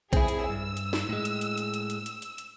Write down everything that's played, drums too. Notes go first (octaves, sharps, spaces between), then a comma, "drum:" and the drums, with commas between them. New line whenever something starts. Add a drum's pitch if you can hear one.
C4 E4 G#4, drum: kick A#1, hi-hat
drum: hi-hat
G2 E6
drum: hi-hat
drum: snare
A2 G#3
drum: hi-hat
drum: hi-hat
drum: hi-hat
drum: hi-hat
drum: hi-hat
drum: hi-hat
drum: hi-hat
drum: hi-hat